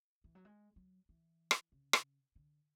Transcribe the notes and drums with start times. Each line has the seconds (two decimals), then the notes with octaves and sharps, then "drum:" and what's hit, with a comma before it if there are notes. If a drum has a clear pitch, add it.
0.24 E3
0.35 F#3
0.45 G#3
0.76 F#3
1.09 E3
1.51 drum: rim click
1.72 C#3
1.93 drum: rim click
2.35 D3